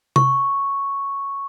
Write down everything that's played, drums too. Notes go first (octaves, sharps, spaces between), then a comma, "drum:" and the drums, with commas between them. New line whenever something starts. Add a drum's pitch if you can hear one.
C#6, drum: tom C3